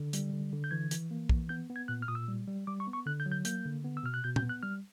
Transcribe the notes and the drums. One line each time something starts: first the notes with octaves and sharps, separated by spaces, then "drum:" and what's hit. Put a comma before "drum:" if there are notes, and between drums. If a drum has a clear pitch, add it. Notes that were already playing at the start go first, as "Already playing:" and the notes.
Already playing: D3
G3, drum: hi-hat
D3
D3
G6
E3 G#6
E3, drum: hi-hat
A#3
E3, drum: kick
B3 G6
B3
G#6
A#2 F#6
F6
A#2 D#6
E6
G3
G3
G3 D6
C#6
B3
C#6
D3 F#6
G6
F#3
G6
A#3 G6, drum: hi-hat
D3
B3
E6
B2 F6
F#6
B2 G6
G6, drum: tom
B3
F#6
G3 F6